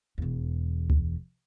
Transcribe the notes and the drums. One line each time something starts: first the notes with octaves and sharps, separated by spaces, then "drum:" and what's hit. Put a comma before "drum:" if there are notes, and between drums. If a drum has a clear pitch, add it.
E1 E2
drum: kick C#2